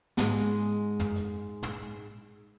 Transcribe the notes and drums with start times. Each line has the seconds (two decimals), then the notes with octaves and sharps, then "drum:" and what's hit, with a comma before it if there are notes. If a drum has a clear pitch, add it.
0.17 G#2 G#3, drum: snare
1.00 drum: tom
1.16 drum: hi-hat
1.63 drum: tom